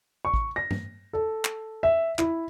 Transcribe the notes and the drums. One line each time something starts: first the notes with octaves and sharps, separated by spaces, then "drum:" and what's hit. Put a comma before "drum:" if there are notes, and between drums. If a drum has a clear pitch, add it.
C#6
drum: kick A1
A#6
drum: tom G2
A4
drum: clap
E5
E4, drum: clap